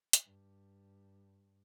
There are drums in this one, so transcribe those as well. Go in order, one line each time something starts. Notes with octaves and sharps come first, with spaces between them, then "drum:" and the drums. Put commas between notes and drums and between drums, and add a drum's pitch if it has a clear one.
drum: hi-hat
G2